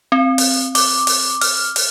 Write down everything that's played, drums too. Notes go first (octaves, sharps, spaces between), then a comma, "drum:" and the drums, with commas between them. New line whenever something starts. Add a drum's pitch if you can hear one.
C4
drum: open hi-hat
D6, drum: open hi-hat
drum: open hi-hat
F6, drum: open hi-hat
drum: open hi-hat